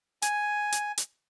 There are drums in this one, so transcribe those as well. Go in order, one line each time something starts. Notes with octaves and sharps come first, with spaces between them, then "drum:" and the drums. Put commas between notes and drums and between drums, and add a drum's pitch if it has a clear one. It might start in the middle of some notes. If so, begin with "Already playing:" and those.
G#5, drum: hi-hat
drum: hi-hat
drum: hi-hat